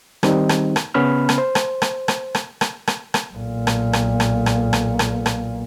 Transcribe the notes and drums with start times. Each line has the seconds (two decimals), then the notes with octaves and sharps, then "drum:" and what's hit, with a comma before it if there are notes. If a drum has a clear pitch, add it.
0.23 D#3 G3 C4 D#4, drum: rim click
0.49 drum: rim click
0.76 drum: rim click
0.94 C#3 B3 C#4 B5 F6
1.29 drum: rim click
1.38 C5
1.55 drum: rim click
1.82 drum: rim click
2.08 drum: rim click
2.35 drum: rim click
2.61 drum: rim click
2.88 drum: rim click
3.14 drum: rim click
3.34 B1 A#2
3.67 drum: rim click
3.93 drum: rim click
4.20 drum: rim click
4.46 drum: rim click
4.73 drum: rim click
4.99 drum: rim click
5.26 drum: rim click